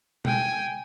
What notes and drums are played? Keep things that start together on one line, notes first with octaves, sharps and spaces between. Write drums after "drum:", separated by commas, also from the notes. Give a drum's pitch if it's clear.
G5 G#5, drum: tom B2